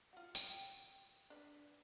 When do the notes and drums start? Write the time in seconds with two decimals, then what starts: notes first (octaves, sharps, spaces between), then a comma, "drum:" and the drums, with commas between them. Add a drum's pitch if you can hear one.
0.13 F4 F#4
0.35 G5, drum: tambourine
1.30 D4 B4